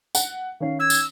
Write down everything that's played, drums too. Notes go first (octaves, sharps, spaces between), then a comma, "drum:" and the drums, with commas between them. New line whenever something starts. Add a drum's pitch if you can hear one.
F#5, drum: tambourine
D#3 C#4 F5
E6 G#6
drum: tambourine